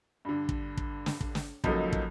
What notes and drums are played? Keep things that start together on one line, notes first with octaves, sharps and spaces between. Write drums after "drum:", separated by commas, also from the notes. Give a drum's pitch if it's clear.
G2 D3
drum: kick
drum: kick
drum: snare
drum: kick
drum: snare
C#2 F3 F#3 A#3 D#4 A4, drum: kick
drum: kick